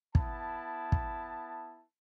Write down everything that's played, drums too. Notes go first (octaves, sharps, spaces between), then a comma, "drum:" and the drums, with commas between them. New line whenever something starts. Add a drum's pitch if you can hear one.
B3 E4 A5, drum: kick
drum: kick